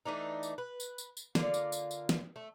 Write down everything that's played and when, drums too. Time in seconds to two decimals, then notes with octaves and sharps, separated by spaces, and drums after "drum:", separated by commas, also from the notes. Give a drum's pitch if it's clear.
0.06 E3 A3 D4 D#4
0.43 drum: tambourine
0.58 B4
0.80 drum: tambourine
0.98 drum: tambourine
1.17 drum: tambourine
1.35 D3 A#3 F4 D5, drum: snare
1.54 drum: tambourine
1.72 drum: tambourine
1.91 drum: tambourine
2.09 drum: snare
2.36 A3